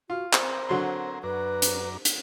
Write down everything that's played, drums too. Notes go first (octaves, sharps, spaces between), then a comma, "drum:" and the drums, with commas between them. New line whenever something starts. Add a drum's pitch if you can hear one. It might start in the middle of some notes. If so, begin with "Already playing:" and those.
F4 F#4
C4 A#4 C5, drum: clap
D3 F#3 C6
F#2 D4 B4 A#5
drum: hi-hat
drum: hi-hat